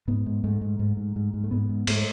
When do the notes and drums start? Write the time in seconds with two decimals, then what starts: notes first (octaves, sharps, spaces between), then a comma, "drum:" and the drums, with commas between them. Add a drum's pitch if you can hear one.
0.08 G#2 B3
0.26 G#2
0.44 G#2 A3
0.61 G#2
0.79 G#2
0.97 G#2
1.16 G#2
1.34 G#2
1.44 A3
1.51 G#2 B3
1.69 G#2
1.87 G#2 A3, drum: cymbal